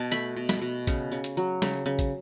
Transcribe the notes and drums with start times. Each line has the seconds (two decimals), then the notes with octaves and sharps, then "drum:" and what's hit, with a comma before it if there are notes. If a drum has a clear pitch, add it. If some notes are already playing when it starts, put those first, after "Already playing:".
Already playing: B2 A5
0.12 A3 B5, drum: hi-hat
0.36 B2
0.49 B5, drum: snare
0.62 B2
0.87 C#3, drum: kick, hi-hat
1.12 C#3
1.24 drum: hi-hat
1.37 F#3
1.62 C#3, drum: snare
1.86 C#3
1.99 drum: kick, hi-hat